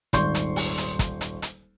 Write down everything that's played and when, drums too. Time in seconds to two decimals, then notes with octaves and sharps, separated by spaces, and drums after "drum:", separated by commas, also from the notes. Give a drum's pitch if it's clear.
0.13 D#1 G#1 D5 C6 C#6 G6, drum: kick, hi-hat
0.35 drum: hi-hat
0.56 drum: open hi-hat
0.78 drum: hi-hat
0.99 drum: kick, hi-hat
1.21 drum: hi-hat
1.42 drum: hi-hat